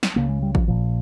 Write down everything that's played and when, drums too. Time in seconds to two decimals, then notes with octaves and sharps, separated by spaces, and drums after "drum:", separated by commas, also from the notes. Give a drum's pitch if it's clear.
0.03 drum: snare
0.16 C#2 C#3 A#3
0.29 G#3
0.42 G3
0.55 F3, drum: kick G#1
0.67 A#1 A#2 F3